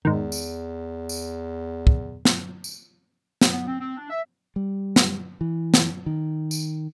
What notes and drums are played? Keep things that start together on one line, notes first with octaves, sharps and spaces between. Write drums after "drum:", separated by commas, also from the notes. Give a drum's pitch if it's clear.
E2 G#2 D#3
drum: tambourine
drum: tambourine
drum: kick
drum: snare
drum: tambourine
drum: snare
B3
C4
C4
D4
E5
G3
drum: snare
E3
drum: snare
D#3
drum: tambourine